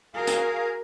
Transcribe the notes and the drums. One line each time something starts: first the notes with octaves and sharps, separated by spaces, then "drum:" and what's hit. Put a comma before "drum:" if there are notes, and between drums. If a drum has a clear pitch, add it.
F#4 G#4 A#4 F5
drum: hi-hat